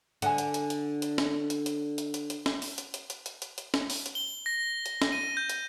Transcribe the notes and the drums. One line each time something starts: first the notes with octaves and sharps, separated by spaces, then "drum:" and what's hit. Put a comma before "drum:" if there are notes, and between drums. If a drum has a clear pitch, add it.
D3 F#5 G#5, drum: hi-hat
drum: hi-hat
drum: hi-hat
drum: hi-hat
drum: hi-hat
drum: snare
drum: hi-hat
drum: hi-hat
drum: hi-hat
drum: hi-hat
drum: hi-hat
drum: snare
drum: open hi-hat
drum: hi-hat
drum: hi-hat
drum: hi-hat
drum: hi-hat
drum: hi-hat
drum: hi-hat
drum: snare
drum: open hi-hat
drum: hi-hat
G7
A#6
drum: hi-hat
drum: snare
D#7
G6
drum: hi-hat